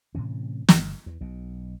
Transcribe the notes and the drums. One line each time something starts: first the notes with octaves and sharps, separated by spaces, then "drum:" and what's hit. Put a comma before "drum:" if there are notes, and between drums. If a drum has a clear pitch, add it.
A2 C3 E3 C#4
G1, drum: snare
E2
B1 B2